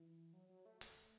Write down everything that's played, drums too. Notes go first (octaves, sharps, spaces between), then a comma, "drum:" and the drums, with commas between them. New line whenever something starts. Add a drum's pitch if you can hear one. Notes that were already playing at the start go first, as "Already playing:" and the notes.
Already playing: E3
F#3
F#3
A3
A3, drum: hi-hat